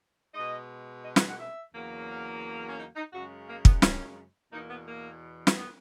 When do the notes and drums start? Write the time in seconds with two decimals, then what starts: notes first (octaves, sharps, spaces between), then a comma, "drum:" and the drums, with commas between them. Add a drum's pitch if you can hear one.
0.35 B2 G#3 D#5
1.04 D#5
1.16 F#5, drum: snare
1.28 F#5
1.39 E5
1.74 E2 C#3 F#3 A#3
2.08 A#4
2.68 C#4
2.78 D#4
2.96 D#4
3.13 F#2 C#3 G#3 F#4
3.48 A#3
3.65 B3, drum: kick
3.82 C#4, drum: snare
4.52 E2 B2 A#3 D#4
4.70 B3
4.87 A#3
5.47 drum: snare
5.56 B3